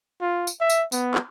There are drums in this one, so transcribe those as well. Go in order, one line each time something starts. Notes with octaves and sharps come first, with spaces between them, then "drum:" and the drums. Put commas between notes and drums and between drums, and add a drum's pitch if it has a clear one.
F4
drum: tambourine
E5
drum: tambourine
B3, drum: tambourine
drum: clap